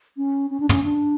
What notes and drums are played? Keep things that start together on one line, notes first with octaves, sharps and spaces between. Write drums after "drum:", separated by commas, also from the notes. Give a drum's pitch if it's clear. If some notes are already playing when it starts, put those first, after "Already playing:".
C#4
C#4
D4
C#4, drum: tom
D4